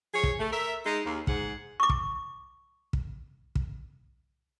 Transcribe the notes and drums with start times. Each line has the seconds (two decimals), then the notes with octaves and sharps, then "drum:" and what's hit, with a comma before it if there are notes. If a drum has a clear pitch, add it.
0.13 F3 G#4 C#5
0.23 drum: kick
0.38 A3
0.52 A#4 E5
0.85 G#3 D#4
1.06 D#2
1.27 G#2 G#4 F#5, drum: kick
1.80 C#6 D6
1.89 drum: kick
2.93 drum: kick
3.55 drum: kick